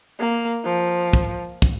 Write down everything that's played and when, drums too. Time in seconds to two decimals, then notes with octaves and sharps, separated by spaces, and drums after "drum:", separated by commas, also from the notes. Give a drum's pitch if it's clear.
0.20 A#3
0.65 F3
1.13 drum: kick
1.62 drum: kick